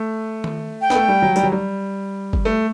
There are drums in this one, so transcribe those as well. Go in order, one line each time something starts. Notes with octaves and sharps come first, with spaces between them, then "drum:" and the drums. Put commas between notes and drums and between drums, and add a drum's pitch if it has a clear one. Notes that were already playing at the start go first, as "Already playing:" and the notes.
Already playing: A3
drum: tom D#3
G5
B3, drum: snare
A3
G3
F#3
G3, drum: tambourine
F#3
G3
drum: kick
A3